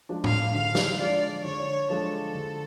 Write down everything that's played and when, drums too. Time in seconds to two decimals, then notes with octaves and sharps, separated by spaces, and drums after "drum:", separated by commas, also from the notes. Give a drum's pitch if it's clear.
0.09 F3 G#3 D4
0.24 F5, drum: tom A2
0.55 D3 F5
0.75 drum: snare
0.99 F3 G#3 D4 D5
1.44 D3 C#5
1.89 F3 G#3 D4 A4
2.35 D3